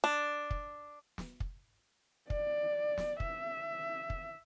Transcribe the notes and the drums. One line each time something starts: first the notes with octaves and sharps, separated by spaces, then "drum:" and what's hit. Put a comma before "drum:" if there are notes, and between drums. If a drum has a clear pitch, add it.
D4
drum: kick
drum: snare
drum: kick
D5, drum: kick
drum: snare
E5, drum: kick
drum: kick